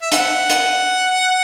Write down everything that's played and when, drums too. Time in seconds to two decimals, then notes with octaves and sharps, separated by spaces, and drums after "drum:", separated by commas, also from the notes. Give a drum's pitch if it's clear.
0.02 E5
0.12 F#5, drum: hi-hat
0.49 drum: hi-hat